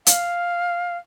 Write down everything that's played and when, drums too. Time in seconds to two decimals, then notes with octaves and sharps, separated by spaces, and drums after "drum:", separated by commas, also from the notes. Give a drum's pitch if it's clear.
0.06 F5, drum: hi-hat